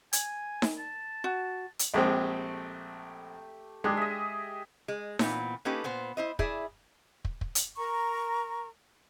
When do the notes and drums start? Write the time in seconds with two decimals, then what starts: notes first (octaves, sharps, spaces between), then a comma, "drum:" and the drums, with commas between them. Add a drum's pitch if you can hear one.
0.13 G#5, drum: hi-hat
0.62 drum: snare D#4
0.78 A5
1.24 F#4
1.79 drum: hi-hat
1.94 A#1 G#3 A3 C4 G4
3.84 G#3 D4 G4 G#4
3.97 D#5 E5
4.88 G#3
5.19 A#2 E3 B3 C4, drum: snare D#4
5.65 A#3 C#4 D#4 G4 A4 B4
5.84 A#2 B3 C5
6.17 E4 C5 D#5
6.39 E4 G#4 D5 E5, drum: kick
7.25 drum: kick
7.41 drum: kick
7.55 drum: hi-hat
7.76 A#4 A#5 C#6